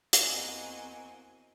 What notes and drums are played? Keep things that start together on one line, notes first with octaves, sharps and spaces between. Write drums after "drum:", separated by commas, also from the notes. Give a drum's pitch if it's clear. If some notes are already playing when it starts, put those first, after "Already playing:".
E2 A#3 C4 F#4 D#5 G#5, drum: hi-hat